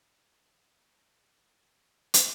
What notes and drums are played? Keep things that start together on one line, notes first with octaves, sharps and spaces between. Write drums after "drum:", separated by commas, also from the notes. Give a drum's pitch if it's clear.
F5
E5
F5
F#5
drum: hi-hat